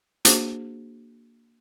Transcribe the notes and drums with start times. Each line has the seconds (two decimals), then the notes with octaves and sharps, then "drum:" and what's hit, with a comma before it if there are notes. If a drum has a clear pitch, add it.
0.25 A#3 D4 F#4 G#4 C5, drum: hi-hat